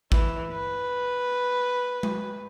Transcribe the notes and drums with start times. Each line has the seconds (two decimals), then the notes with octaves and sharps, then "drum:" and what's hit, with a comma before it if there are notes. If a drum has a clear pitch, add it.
0.12 E3, drum: kick G#1
0.53 B4
2.03 drum: tom G#3